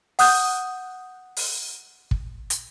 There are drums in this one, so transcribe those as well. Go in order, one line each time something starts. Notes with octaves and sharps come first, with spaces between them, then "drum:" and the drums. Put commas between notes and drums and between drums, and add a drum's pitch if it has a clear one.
F#5 D#6 F#6 G6, drum: open hi-hat
drum: open hi-hat
drum: kick
drum: hi-hat